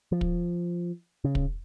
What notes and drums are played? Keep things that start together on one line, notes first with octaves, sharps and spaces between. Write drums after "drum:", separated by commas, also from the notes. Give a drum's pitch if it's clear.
F3
drum: kick
C#3
drum: kick